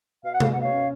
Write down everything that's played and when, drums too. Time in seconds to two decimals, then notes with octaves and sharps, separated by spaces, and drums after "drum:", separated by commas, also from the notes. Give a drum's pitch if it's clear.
0.24 B2 F5
0.33 F#5
0.40 A#3 F5, drum: tom C3
0.53 B2 F#5
0.62 C#5 F5
0.72 C#4